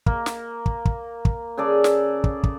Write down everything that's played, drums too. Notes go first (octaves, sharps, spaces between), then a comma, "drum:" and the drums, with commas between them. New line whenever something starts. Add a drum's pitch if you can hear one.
A#3, drum: kick
drum: snare
drum: kick
drum: kick
drum: kick
C#3 G#4 A4 D5
drum: snare
drum: kick
drum: kick